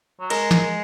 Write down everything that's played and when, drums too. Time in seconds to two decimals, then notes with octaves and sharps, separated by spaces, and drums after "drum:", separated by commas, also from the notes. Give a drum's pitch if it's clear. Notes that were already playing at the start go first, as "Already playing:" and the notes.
0.20 F#3
0.30 G#3 A#4, drum: cymbal
0.51 drum: snare